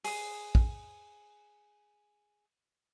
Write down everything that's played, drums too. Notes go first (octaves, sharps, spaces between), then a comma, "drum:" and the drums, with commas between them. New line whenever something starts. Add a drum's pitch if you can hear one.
G#4 D#6, drum: open hi-hat
drum: kick